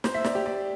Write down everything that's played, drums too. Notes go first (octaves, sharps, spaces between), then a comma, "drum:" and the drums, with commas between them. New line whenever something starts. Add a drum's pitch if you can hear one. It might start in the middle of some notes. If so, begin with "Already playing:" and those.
C5, drum: snare
E5
D5, drum: snare
G4
D5